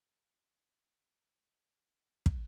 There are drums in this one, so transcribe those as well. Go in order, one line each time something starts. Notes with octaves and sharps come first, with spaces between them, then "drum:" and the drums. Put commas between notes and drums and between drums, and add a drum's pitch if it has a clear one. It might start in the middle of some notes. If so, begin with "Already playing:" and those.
Already playing: D#4
E3
G#3
E3
D#4
drum: kick